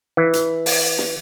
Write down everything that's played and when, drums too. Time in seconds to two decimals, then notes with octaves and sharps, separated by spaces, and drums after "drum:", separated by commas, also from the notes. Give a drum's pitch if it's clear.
0.17 E3
0.33 drum: hi-hat
0.66 drum: open hi-hat
0.98 drum: snare